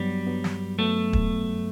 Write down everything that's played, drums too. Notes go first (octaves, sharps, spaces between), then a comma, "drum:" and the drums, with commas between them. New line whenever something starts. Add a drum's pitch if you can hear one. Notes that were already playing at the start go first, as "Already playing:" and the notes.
Already playing: G2 F#3 G3 B3
G2 F#3 B3
drum: snare
F#3 A3 B3
drum: kick